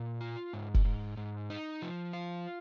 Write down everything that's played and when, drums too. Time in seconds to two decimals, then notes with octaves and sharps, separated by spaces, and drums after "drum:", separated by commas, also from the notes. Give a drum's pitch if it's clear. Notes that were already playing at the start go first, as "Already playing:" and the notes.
Already playing: A#2
0.21 F4
0.53 G#2
0.74 drum: kick
0.85 G#2
1.17 G#2
1.50 D#4
1.82 F3
2.13 F4